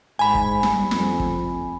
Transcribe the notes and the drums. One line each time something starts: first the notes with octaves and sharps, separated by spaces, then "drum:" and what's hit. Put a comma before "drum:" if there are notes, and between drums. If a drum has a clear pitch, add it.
G#2 G#5 B5
drum: kick
G3, drum: snare
F2, drum: snare
drum: kick